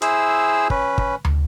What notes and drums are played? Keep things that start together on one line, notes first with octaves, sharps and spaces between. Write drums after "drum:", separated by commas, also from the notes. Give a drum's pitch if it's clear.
E4 G#4 C5 E6, drum: hi-hat
C#4 B4, drum: kick
drum: kick
drum: tom